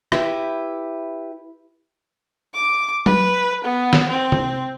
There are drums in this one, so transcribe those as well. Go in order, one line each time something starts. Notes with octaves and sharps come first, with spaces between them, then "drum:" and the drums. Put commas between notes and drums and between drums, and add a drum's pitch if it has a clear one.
E4 G4 B4, drum: rim click
D6
B4, drum: tom F#3
B3
drum: snare
C4
drum: tom C3